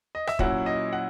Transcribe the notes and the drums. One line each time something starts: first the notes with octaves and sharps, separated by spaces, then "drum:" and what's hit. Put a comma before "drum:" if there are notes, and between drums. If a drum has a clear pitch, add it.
D#5
E5, drum: rim click
A#2 F#3 C#4 E4 F#5, drum: kick
D#5
F#5